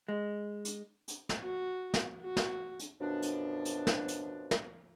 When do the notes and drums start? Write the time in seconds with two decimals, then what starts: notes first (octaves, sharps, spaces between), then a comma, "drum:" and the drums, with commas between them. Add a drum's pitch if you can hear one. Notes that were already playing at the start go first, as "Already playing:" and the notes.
0.08 G#3
0.65 drum: hi-hat
1.08 drum: hi-hat
1.29 drum: snare
1.44 F#4
1.94 drum: snare
2.21 F#4
2.37 drum: snare
2.79 drum: hi-hat
3.01 F#2 B2 F3 D4
3.22 drum: hi-hat
3.65 drum: hi-hat
3.87 drum: snare
4.08 drum: hi-hat
4.51 drum: snare